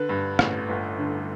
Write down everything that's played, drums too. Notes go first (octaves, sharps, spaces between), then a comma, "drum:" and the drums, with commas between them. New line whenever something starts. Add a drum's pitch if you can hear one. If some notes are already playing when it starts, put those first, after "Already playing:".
Already playing: D3 B4
G2
A1, drum: rim click
G1
D3